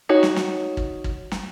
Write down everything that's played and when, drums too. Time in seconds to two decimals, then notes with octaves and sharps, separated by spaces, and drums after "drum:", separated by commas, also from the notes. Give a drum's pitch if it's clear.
0.09 D#4 F#4 C#5
0.23 drum: snare
0.36 drum: snare
0.77 drum: kick
1.04 drum: kick
1.32 drum: snare